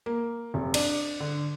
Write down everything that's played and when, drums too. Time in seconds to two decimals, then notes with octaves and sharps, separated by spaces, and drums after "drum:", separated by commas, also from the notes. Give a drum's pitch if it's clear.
0.06 A#3
0.54 F1
0.74 D4, drum: cymbal
1.20 D3